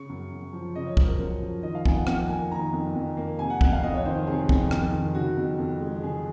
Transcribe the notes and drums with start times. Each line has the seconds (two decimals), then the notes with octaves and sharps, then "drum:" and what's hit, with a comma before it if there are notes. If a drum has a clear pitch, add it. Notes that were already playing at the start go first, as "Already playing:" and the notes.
Already playing: C#3 C#6
0.09 F#2
0.32 F#2
0.53 F3
0.76 C#3 D#5
0.87 C#5
0.97 F#2 C5, drum: kick
1.08 A#4
1.19 F#2
1.41 F3
1.63 D#3 D#5
1.75 F5
1.85 F2 G#5, drum: kick
1.96 F#5
2.07 F2 F#5, drum: rim click
2.29 A#3 G#5
2.51 D#3 A#5
2.73 F2
2.95 F2
3.17 A#3
3.39 C3 G#5
3.50 F#5
3.61 F2 F#5, drum: kick
3.72 F5
3.83 F2 D#5
3.94 C#5
4.05 D#3 C5
4.27 C3 G#4
4.49 F2, drum: kick
4.71 F2, drum: rim click
4.93 D#3
5.15 C#3 F#4
5.37 F2
5.59 F2
5.81 G#3
6.03 C#3 G#4